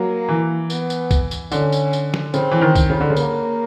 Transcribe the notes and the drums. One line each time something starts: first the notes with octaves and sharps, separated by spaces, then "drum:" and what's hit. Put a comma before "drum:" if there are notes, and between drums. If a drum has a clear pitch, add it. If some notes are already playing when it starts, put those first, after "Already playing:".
Already playing: F#3 A#3
E3
B3, drum: tambourine
drum: tambourine
drum: kick C2, tambourine
drum: tambourine
D3 C#4, drum: tambourine
drum: tambourine
drum: tambourine
drum: snare
C#3 C4, drum: tambourine
E3
D#3
drum: kick C2, tambourine
C#3
D3
C#3
A#3, drum: tambourine